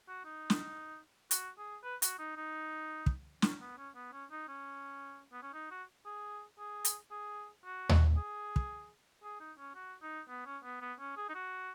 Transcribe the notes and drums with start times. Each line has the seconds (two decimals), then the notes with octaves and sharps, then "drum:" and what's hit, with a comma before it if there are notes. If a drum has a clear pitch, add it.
0.08 F#4
0.25 D#4
0.50 drum: snare
1.31 F#4, drum: hi-hat
1.58 G#4
1.83 B4
2.02 F#4, drum: hi-hat
2.19 D#4
2.36 D#4
3.06 drum: kick
3.42 C#4, drum: snare
3.60 B3
3.77 C#4
3.95 B3
4.12 C#4
4.31 D#4
4.48 C#4
5.32 B3
5.43 C#4
5.54 D#4
5.71 F#4
6.06 G#4
6.59 G#4
6.85 drum: hi-hat
7.11 G#4
7.65 F#4
7.89 drum: tom D#2
8.17 G#4
8.56 drum: kick
9.23 G#4
9.40 D#4
9.58 C#4
9.75 F#4
10.02 D#4
10.28 B3
10.46 C#4
10.64 B3
10.81 B3
10.99 C#4
11.17 G#4
11.29 D#4
11.34 F#4